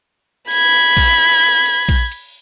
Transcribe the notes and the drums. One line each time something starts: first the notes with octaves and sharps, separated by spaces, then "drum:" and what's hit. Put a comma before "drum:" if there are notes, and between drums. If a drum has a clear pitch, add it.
B5 G#6, drum: cymbal
drum: kick A#1, cymbal
drum: cymbal
drum: cymbal
drum: kick A#1, cymbal
drum: cymbal